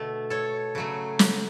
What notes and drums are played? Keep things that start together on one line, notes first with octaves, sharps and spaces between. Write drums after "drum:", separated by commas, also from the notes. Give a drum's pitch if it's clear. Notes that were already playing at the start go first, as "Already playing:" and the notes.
Already playing: B2 D3 A3
A4 C#5
C#3 F#3 A3
drum: snare